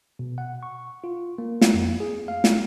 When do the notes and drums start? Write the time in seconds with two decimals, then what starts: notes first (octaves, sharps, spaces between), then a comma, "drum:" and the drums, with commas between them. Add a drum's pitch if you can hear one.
0.19 B2
0.38 F#5
0.63 C#6
1.04 F4
1.38 A#3
1.61 drum: snare
1.74 F2
2.00 G#4
2.28 F5
2.44 drum: snare